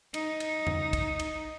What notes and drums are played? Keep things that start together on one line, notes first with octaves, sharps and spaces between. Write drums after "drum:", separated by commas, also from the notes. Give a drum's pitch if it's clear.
D#4, drum: cymbal
drum: cymbal
drum: tom F2
drum: kick, cymbal
drum: cymbal